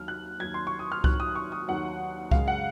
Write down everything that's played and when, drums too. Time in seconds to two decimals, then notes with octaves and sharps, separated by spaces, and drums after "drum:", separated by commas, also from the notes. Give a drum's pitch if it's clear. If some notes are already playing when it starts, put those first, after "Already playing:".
Already playing: D#2 D#3 F#3 F6
0.08 F#6
0.39 D#2 D#3 F#3 G#6
0.54 C6
0.67 C#6
0.79 D#6
0.92 F6
1.04 D#2 D#3 F#3 F#6, drum: kick C2
1.20 D#6
1.35 C#6
1.52 D#6
1.68 D#2 D#3 F#3 F#5
2.31 F#2 C#3 G#3 F5, drum: kick C2
2.48 F#5